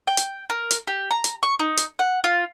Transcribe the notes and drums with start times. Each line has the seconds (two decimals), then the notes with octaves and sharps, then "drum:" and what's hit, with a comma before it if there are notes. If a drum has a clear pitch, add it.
0.07 G5
0.17 drum: hi-hat
0.50 A#4
0.71 drum: hi-hat
0.87 G4
1.11 A#5
1.24 drum: hi-hat
1.43 C#6
1.59 D#4
1.77 drum: hi-hat
1.99 F#5
2.24 F4